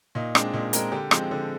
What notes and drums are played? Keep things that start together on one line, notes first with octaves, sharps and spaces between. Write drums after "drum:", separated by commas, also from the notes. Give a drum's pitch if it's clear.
A#2 D#4
G#3 C4 D4, drum: rim click
A#2 D#4
G#3 C4 A#4, drum: hi-hat
D3 G4
F3 G#3 C4, drum: rim click
D3